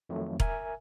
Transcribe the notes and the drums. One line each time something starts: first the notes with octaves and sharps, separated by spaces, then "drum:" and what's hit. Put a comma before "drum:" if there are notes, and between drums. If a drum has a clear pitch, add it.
F2 D#3 F#3 A3
A#4 E5 G#5, drum: kick E1